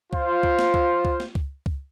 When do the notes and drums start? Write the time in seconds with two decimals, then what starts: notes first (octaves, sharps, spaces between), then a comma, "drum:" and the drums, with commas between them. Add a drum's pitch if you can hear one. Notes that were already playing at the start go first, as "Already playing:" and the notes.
0.13 F4 C5, drum: kick C#2
0.43 drum: kick C#2
0.59 drum: snare
0.74 drum: kick C#2
1.05 drum: kick C#2
1.20 drum: snare
1.35 drum: kick C#2
1.66 drum: kick C#2